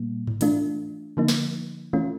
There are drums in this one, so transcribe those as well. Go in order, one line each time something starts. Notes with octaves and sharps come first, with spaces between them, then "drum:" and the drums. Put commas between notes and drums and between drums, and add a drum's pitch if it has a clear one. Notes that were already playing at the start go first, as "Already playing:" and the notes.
Already playing: A#2 G3 A#3
drum: tom G#2
E3 A3 D4 F4, drum: hi-hat
D3 F3 A#3 D#4
drum: snare
E3 A3 C#4 F4